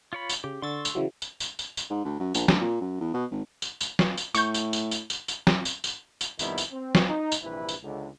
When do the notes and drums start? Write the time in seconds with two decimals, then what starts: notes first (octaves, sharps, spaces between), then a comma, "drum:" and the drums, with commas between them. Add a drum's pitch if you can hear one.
0.13 F4 C#5 B5
0.30 drum: tambourine
0.44 C#3 G4
0.62 D3 C6 C#6 E6 A6
0.85 drum: tambourine
0.95 C#3 E3 F#3
1.22 drum: tambourine
1.40 drum: tambourine
1.59 drum: tambourine
1.77 drum: tambourine
1.90 G#2
2.05 D2
2.20 F#2
2.34 A#1, drum: tambourine
2.48 D2, drum: snare
2.61 A#2
2.81 F#2
3.01 E2
3.14 B2
3.31 G#1
3.62 drum: tambourine
3.81 drum: tambourine
3.99 drum: snare
4.18 drum: tambourine
4.35 A2 C#6 G6, drum: tambourine
4.54 drum: tambourine
4.73 drum: tambourine
4.91 drum: tambourine
5.10 drum: tambourine
5.28 drum: tambourine
5.47 drum: snare
5.65 drum: tambourine
5.84 drum: tambourine
6.21 drum: tambourine
6.39 F2 B2 D#3 G3 B3 E4, drum: tambourine
6.58 drum: tambourine
6.72 C4
6.95 drum: snare
7.09 D#4
7.32 drum: tambourine
7.42 A#1 G2 C3 E3 E4 B4
7.69 drum: tambourine
7.83 C#2 D3